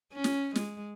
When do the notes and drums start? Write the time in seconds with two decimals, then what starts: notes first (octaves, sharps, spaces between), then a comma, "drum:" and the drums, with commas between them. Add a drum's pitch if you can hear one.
0.13 C#4
0.24 drum: snare
0.56 G#3, drum: snare